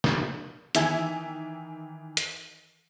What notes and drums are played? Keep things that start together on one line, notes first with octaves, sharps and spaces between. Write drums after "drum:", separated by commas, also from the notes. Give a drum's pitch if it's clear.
drum: snare
D#3 E3 E5 G#5 G#6, drum: hi-hat
drum: hi-hat